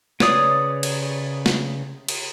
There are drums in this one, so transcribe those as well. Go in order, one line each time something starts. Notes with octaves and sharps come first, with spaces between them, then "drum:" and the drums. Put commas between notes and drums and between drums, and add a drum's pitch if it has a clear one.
C#3 B4 C#5 D5 D#6, drum: snare
drum: cymbal
drum: snare
drum: cymbal